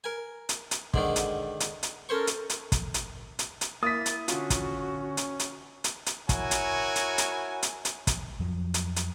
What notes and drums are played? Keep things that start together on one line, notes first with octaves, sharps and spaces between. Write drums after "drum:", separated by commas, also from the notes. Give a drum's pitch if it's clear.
A#4 G#5
drum: hi-hat
drum: hi-hat
G#2 D3 D#3, drum: kick
drum: hi-hat
drum: hi-hat
drum: hi-hat
C#4 A4 A#4 C5 C#6
drum: hi-hat
drum: hi-hat
drum: kick, hi-hat
drum: hi-hat
drum: hi-hat
drum: hi-hat
A#3 E4 D#6 A6 B6
drum: hi-hat
D3 C#4 F4 F#4, drum: hi-hat
drum: kick, hi-hat
drum: hi-hat
drum: hi-hat
drum: hi-hat
drum: hi-hat
E4 F#4 A#4 C#5 G#5, drum: kick, hi-hat
drum: hi-hat
drum: hi-hat
drum: hi-hat
drum: hi-hat
drum: hi-hat
drum: kick, hi-hat
F2 F3 F#3
drum: hi-hat
drum: hi-hat